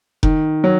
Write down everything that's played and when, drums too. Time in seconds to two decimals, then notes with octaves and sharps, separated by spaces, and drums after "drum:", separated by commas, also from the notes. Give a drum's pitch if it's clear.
0.23 D#3, drum: kick F1
0.64 F#3